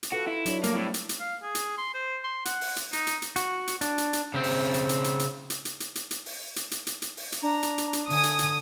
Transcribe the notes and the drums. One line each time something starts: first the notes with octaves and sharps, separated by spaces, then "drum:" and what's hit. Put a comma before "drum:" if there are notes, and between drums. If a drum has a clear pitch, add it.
drum: hi-hat
F4 F#4 A4 B4
E4
F#3 D4 C#5, drum: hi-hat
G3 A3 A#3, drum: hi-hat
A2 C4
drum: hi-hat
drum: hi-hat
F5
G#4
drum: hi-hat
C6
C5
C6
F#5, drum: hi-hat
drum: open hi-hat
drum: hi-hat
D#4, drum: hi-hat
drum: hi-hat
drum: hi-hat
F#4, drum: hi-hat
drum: hi-hat
D4, drum: hi-hat
drum: hi-hat
drum: hi-hat
C#3 C4
drum: open hi-hat
drum: hi-hat
drum: hi-hat
drum: hi-hat
drum: hi-hat
drum: hi-hat
drum: hi-hat
drum: hi-hat
drum: hi-hat
drum: hi-hat
drum: open hi-hat
drum: hi-hat
drum: hi-hat
drum: hi-hat
drum: hi-hat
drum: open hi-hat
drum: hi-hat
D4 A#5
drum: hi-hat
drum: hi-hat
drum: hi-hat
D3 G#5 D#6, drum: open hi-hat
drum: hi-hat
drum: hi-hat